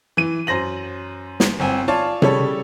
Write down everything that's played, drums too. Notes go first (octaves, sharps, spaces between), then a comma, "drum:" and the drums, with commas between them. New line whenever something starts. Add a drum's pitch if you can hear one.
E3 D#7
F#2 C5 A#6 F#7
drum: snare
G1 C4 G#5
F4 C#5 D5 A5
C#3 G3 A4 C#5, drum: tom C3